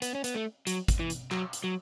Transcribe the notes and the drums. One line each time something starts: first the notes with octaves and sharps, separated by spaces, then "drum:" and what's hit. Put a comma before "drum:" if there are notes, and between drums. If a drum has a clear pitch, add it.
B3, drum: hi-hat
C#4
B3, drum: hi-hat
A3
F#3, drum: hi-hat
drum: kick, hi-hat
E3
drum: hi-hat
F#3, drum: clap
drum: hi-hat
F#3